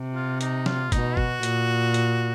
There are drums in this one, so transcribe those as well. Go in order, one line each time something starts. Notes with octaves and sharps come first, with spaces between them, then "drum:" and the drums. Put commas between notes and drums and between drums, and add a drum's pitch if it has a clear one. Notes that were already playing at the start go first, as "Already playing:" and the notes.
Already playing: C3
F4
D#4, drum: hi-hat
F4, drum: snare
B2 D#4, drum: kick, hi-hat
F#4, drum: kick
A#2, drum: hi-hat
drum: hi-hat